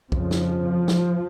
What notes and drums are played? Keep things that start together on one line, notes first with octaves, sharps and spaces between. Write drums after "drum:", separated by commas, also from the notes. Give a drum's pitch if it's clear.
F2 C#3 F3, drum: kick
drum: snare
drum: snare